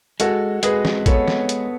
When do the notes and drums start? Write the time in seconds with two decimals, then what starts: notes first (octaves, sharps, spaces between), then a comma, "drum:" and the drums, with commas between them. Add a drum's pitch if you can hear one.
0.20 G#3 F#4 A4, drum: hi-hat
0.63 G#3 G#4 B4, drum: hi-hat
0.85 drum: snare
1.06 B3 A4 C#5, drum: kick, hi-hat
1.28 drum: snare
1.49 drum: hi-hat